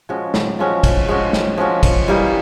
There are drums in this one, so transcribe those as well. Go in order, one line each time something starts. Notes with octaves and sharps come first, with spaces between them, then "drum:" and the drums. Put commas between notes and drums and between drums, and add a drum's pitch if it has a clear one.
F3 G#3 C#4 F#4
drum: snare
F3 G#3 C#4 F#4
drum: kick, cymbal
F3 G#3 C#4 F#4
drum: snare
F3 G#3 C#4 F#4
drum: kick, cymbal
E3 G3 A#3 D#4